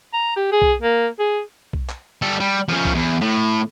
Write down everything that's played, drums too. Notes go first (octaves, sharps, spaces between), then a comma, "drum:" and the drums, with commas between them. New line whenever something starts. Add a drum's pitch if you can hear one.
A#5
G4
G#4
drum: kick B1
A#3
G#4
drum: kick B1
drum: clap
G3 A4
G3
F3 C#4
drum: kick B1
E2
A2